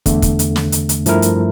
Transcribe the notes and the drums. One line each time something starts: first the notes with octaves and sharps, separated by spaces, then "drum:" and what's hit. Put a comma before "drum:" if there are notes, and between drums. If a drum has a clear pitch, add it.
E2 D3 A3, drum: kick, hi-hat
drum: kick, hi-hat
drum: hi-hat
drum: snare
drum: hi-hat
drum: hi-hat
G2 F3 A3 E4 A#4, drum: hi-hat
drum: hi-hat